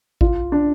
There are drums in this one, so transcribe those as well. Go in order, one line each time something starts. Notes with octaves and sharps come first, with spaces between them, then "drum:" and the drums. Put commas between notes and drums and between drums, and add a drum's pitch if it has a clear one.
F4, drum: kick G#1
D4